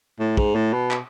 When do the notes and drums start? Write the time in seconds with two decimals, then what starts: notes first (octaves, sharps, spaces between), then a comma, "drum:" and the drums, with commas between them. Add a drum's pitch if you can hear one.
0.19 A2
0.37 G#2, drum: kick
0.55 A2
0.73 B2
0.91 drum: clap